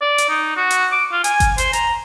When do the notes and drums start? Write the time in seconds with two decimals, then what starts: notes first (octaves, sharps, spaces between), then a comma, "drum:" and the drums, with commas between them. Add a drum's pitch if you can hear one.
0.01 D5
0.18 drum: hi-hat
0.29 D#4
0.56 F#4
0.71 drum: hi-hat
0.92 D6
1.12 F4
1.24 G#5, drum: hi-hat
1.40 drum: kick G1, hi-hat
1.58 C5, drum: hi-hat
1.73 A#5, drum: hi-hat